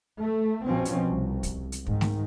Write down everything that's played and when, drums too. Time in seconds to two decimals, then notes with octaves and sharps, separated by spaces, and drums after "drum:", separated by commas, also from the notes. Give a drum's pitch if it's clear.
0.20 A3
0.65 A#1 B2 F3 C4 C#4
0.85 drum: hi-hat
1.06 C2
1.43 drum: kick, hi-hat
1.72 drum: hi-hat
1.87 G#2 D#3, drum: kick
2.01 drum: snare